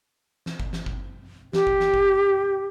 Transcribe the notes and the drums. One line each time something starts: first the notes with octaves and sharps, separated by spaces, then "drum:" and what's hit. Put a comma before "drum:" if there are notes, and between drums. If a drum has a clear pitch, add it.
drum: snare
drum: kick G1
drum: snare
drum: kick G1
G4, drum: snare
drum: kick G1
drum: snare
drum: kick G1